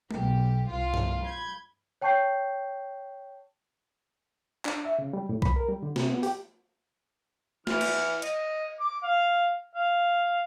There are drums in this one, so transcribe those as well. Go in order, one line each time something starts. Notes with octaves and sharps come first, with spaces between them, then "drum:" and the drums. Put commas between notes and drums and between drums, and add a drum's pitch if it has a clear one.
B1 G4, drum: tom G#3
C2 F4 F5
drum: tom G2
B5 G6 G#6
C#5 G5 A5 C#6 G6 C7
D4, drum: clap
E5
C#3
G3
A2
B5, drum: kick
A#4
G3
D3
C3, drum: snare
B3
G4, drum: open hi-hat
E3 F6, drum: snare
drum: cymbal
D#5, drum: hi-hat
D6
F5
F5